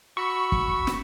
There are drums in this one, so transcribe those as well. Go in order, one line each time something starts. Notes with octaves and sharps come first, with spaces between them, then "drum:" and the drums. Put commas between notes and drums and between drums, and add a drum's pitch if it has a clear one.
F#4 B5 C#6 E6
drum: kick
drum: snare